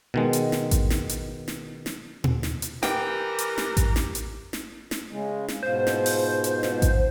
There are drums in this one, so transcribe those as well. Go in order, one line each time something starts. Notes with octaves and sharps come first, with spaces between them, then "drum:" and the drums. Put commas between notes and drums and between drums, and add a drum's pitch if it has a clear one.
B2 D#3 G#3
drum: hi-hat
drum: snare
drum: kick A1, hi-hat
drum: snare
drum: hi-hat
drum: snare
drum: snare
drum: tom A#2
drum: snare
drum: hi-hat
E3 G4 A#4 G5, drum: snare
drum: hi-hat
drum: snare
drum: kick A1, hi-hat
drum: snare
drum: hi-hat
drum: snare
drum: snare
C#3 G#3
drum: snare
G#2 B2 F4 C5
drum: snare
drum: open hi-hat
drum: hi-hat
drum: snare
drum: kick A1, hi-hat